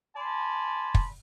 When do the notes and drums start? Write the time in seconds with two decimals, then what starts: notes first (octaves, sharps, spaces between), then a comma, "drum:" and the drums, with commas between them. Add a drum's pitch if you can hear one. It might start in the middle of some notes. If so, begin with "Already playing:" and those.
0.16 D5 G#5 A5 B5 C6
0.95 drum: kick